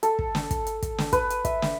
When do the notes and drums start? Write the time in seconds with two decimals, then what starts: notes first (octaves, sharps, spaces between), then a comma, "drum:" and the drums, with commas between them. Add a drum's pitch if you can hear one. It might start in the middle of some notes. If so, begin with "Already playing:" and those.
0.03 A4, drum: hi-hat
0.19 drum: kick
0.35 drum: snare
0.51 drum: kick, hi-hat
0.67 drum: hi-hat
0.82 drum: kick, hi-hat
0.98 drum: snare
1.13 B4, drum: kick, hi-hat
1.30 drum: hi-hat
1.45 E5, drum: kick, hi-hat
1.62 drum: snare